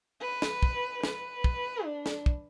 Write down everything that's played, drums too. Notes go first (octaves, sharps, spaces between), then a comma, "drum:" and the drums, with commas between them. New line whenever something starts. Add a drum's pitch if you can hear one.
B4
drum: snare
drum: kick
B4, drum: snare
drum: kick
D4
drum: snare
drum: kick